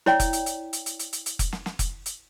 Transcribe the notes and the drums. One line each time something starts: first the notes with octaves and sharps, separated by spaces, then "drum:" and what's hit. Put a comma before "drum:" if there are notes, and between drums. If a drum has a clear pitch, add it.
E4 C#5 D5 G5, drum: snare
drum: kick F1, hi-hat
drum: hi-hat
drum: hi-hat
drum: hi-hat
drum: hi-hat
drum: hi-hat
drum: hi-hat
drum: hi-hat
drum: kick F1, hi-hat
drum: snare
drum: snare
drum: kick F1, hi-hat
drum: hi-hat